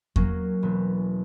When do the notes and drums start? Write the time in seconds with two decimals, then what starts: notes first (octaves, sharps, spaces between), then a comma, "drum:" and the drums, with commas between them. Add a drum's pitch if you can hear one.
0.16 F#3 A#3 C#4, drum: kick E2
0.63 E1 B3